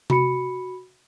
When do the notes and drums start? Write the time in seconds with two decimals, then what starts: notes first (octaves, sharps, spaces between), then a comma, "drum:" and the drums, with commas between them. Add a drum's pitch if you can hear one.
0.10 F#4 B5 C#7, drum: tom C3